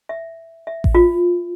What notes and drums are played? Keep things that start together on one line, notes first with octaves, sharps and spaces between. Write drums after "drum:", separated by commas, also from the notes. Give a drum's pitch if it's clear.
E5
E5
drum: kick A1
F4